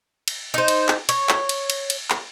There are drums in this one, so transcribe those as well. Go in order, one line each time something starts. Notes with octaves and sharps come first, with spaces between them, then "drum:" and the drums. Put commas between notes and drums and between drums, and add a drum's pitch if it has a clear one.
drum: cymbal
D#4 C5
drum: cymbal
drum: clap
C#5, drum: cymbal
drum: clap
drum: cymbal
drum: cymbal
drum: cymbal
drum: clap